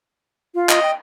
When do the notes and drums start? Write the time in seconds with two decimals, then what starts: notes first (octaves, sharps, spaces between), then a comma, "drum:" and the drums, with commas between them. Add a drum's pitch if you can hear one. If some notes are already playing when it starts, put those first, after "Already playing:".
0.55 F4
0.69 D#5, drum: clap
0.82 G5